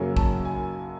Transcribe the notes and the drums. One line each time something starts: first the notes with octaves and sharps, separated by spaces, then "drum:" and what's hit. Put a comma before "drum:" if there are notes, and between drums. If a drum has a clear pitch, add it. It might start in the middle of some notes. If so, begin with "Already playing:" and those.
Already playing: F#2 C#3 F#3 A#3 C#4 G#5
A5, drum: kick
G#5